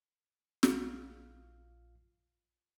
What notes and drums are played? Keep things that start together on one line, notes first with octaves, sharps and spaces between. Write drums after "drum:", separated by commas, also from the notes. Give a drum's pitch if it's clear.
A#1 F4 F5 F6, drum: snare